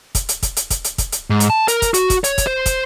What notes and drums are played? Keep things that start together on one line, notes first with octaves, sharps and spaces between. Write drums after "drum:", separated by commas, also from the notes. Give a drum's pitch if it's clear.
drum: kick, hi-hat
drum: hi-hat
drum: kick, hi-hat
drum: hi-hat
drum: kick, hi-hat
drum: hi-hat
drum: kick, hi-hat
drum: hi-hat
G#2
drum: hi-hat
A5
A#4, drum: hi-hat
drum: kick, hi-hat
F#4, drum: hi-hat
drum: kick, hi-hat
C#5, drum: hi-hat
drum: kick, hi-hat
C5
drum: kick, hi-hat